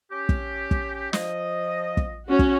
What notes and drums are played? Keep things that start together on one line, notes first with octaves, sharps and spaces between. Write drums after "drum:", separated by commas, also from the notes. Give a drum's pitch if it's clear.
C#4 G4
drum: kick
drum: kick
F3 D#5, drum: snare
drum: kick
C#4 F#4
drum: kick